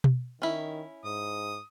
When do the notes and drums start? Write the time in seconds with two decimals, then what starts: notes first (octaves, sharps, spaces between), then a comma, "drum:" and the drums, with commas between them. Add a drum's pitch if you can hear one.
0.04 drum: tom B2
0.42 D#3 C#4 E4
1.04 G#2 D#6